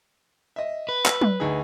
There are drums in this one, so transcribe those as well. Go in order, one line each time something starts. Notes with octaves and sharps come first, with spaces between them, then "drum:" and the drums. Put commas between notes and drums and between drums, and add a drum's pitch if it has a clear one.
D#5 E5
B4
E6, drum: clap
drum: tom F#3
D2 D#4 G#4